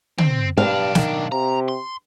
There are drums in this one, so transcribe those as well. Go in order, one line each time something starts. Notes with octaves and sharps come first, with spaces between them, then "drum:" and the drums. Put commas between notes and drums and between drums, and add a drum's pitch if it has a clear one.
C4, drum: tom
B1 G2 D4 F5
D#3, drum: snare
C3 A#5
C6